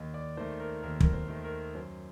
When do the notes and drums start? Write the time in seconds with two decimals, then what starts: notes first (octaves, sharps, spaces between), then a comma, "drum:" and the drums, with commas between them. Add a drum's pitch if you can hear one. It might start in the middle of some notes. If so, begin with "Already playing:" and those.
Already playing: D#2 D#5
0.14 D5
0.37 D#3 A3 C5
0.60 A#4
0.82 D#2 A#4
1.00 A#4, drum: kick
1.13 C5
1.28 D#3 A3
1.44 A#4
1.75 F#2 C5